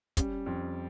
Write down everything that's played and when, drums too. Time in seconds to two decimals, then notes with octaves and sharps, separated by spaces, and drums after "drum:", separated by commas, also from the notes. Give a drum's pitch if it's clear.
0.17 G3 C#4, drum: kick, hi-hat
0.46 F2